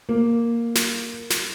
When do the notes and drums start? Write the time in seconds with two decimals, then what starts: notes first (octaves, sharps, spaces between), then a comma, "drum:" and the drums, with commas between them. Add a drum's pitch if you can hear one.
0.09 A#3
0.75 drum: snare
1.30 drum: snare